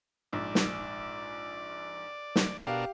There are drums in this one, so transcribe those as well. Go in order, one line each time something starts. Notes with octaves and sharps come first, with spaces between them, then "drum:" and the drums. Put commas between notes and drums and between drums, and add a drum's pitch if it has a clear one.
A#1 G#2 D5
drum: snare
drum: snare
B2 D4 G4 A#4 F5